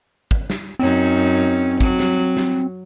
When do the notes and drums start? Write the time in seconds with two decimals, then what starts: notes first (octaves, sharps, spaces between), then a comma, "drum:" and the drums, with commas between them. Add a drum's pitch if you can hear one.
0.31 drum: kick
0.50 drum: snare
0.79 F#2 C4 C#4 D#4
1.81 F#3, drum: kick
1.99 drum: snare
2.37 drum: snare